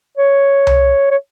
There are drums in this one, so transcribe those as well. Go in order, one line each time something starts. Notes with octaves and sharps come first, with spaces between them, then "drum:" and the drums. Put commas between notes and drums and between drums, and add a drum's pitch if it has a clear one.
C#5
drum: tom C2
C#5